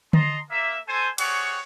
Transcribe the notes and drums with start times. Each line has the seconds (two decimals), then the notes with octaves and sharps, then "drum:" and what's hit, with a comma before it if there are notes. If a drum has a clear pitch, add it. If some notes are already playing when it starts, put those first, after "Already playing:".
0.13 D#5 A5 A#5 C6, drum: tom D3
0.50 A#3 E5
0.87 A4 C5 G#5
1.18 G3 C4 G#4 C#5 F#5 C#6, drum: cymbal